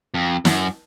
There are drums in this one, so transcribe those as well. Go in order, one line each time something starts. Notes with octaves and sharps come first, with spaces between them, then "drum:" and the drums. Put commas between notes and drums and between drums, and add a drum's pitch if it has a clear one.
F2
F#2, drum: snare